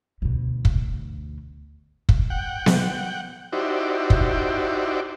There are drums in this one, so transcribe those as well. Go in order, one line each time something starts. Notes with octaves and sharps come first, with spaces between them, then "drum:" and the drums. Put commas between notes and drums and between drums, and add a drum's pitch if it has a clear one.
D2 B2
drum: kick
drum: kick
F#5 G5
drum: snare B3
D#4 E4 F#4 G4 C5 D5
drum: kick